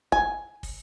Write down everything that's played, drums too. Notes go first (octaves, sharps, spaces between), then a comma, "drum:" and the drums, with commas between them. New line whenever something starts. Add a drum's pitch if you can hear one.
G#5, drum: kick
drum: kick, open hi-hat